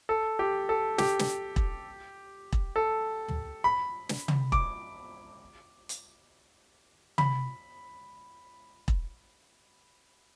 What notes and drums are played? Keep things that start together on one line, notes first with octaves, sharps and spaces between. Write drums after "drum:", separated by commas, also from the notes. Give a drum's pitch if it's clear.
A4
G4
A4
G4, drum: snare
drum: snare
drum: kick E1
drum: kick E1
A4
drum: tom
B5
drum: snare
drum: tom
D6, drum: kick E1
drum: hi-hat
B5, drum: tom
drum: kick E1